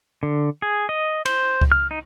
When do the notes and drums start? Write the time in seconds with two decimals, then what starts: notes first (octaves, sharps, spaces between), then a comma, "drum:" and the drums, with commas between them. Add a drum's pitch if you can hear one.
0.23 D3
0.62 G#4
0.89 D#5
1.25 C5, drum: cymbal
1.61 drum: kick C#2
1.72 F6
1.91 D#4